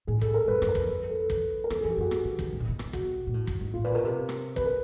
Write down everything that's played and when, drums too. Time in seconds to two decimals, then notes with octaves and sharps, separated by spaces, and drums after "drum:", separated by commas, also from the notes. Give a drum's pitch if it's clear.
0.07 A2 G#4
0.21 A4, drum: kick
0.34 A#4
0.48 G2 B4
0.62 F#2, drum: rim click
0.69 A#4
0.75 F2, drum: kick
0.89 B4
1.10 A4
1.30 drum: kick
1.64 A#4
1.70 E2 A4, drum: rim click
1.81 F2 G#4
1.91 G4
1.97 F#2 F#4
2.11 G2 G4, drum: rim click
2.25 C#3
2.39 D3, drum: kick
2.52 B2
2.60 A#2
2.69 B2
2.79 drum: rim click
2.93 F#4, drum: kick
3.27 A#2
3.34 A2
3.47 F#2, drum: kick
3.61 G#2
3.74 A2 F4
3.84 A#2 B4
3.95 B2 A#4
4.05 C3 A#4
4.29 drum: rim click
4.56 B4, drum: kick
4.66 A#4